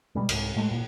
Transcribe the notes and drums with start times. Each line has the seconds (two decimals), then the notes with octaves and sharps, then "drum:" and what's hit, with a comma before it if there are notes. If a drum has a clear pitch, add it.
0.15 B2 G3 G#3
0.29 C2 G#2, drum: cymbal
0.56 A2 G#3 A3
0.71 A1 A#2